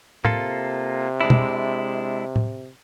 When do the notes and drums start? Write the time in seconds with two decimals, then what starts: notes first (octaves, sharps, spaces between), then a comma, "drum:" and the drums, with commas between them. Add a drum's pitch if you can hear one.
0.25 C3 A#3 F4 A4, drum: tom A2
1.21 G#3 D4 E4
1.30 drum: tom B2
2.36 drum: tom A2